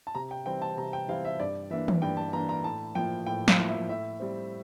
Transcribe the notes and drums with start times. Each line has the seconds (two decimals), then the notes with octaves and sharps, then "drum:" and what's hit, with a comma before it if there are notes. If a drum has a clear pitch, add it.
0.07 A5
0.15 C3 A#5
0.31 G5
0.46 E3 G3 C4 E4 G5
0.62 A5
0.77 C3 A#5
0.93 G5
1.08 E3 G3 C4 E4 F5
1.25 E5
1.40 G2 D5
1.71 E3 A#3 D4 E5
1.88 drum: tom
2.02 G2 G5
2.17 A5
2.33 E3 A#3 D4 A#5
2.49 A#5
2.64 A2 A5
2.95 F3 A#3 E4 G5
3.26 A2 G5
3.48 F5, drum: snare
3.58 F3 A#3 E4
3.68 E5
3.89 A2 E5
4.20 G3 C4